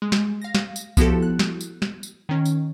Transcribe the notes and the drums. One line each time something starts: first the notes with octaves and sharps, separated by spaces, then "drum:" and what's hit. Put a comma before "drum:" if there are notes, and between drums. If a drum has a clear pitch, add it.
G#3
drum: snare
F5 A#6
drum: snare
drum: tambourine
F3 B3 E4 F#4 G4 A4, drum: kick C2, tambourine
F#6
drum: snare
drum: tambourine
drum: snare
drum: tambourine
D#3 C#4
drum: tambourine